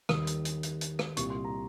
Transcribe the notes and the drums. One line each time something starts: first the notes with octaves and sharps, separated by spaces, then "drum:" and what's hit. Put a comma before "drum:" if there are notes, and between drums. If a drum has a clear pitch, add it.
D#2 D#3 G3 D#6, drum: rim click
drum: hi-hat
drum: hi-hat
drum: hi-hat
drum: hi-hat
drum: rim click
C2 A#2 G3 C#6, drum: hi-hat
C6
A#5